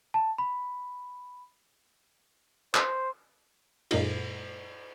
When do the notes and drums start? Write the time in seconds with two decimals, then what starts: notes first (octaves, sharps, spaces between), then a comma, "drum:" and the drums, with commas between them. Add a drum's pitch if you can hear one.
0.14 A5
0.38 B5
2.75 C5, drum: clap
3.91 F#2 A#2 G#3 A#3 D#4 F4, drum: cymbal